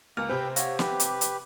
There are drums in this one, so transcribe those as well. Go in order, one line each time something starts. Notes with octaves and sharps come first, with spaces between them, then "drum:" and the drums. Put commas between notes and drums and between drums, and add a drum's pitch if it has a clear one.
C#2 A#3 F6
C3 C4 B4 G5
C#5 F5 F#5, drum: hi-hat
G4 B4, drum: snare
D6, drum: hi-hat
drum: hi-hat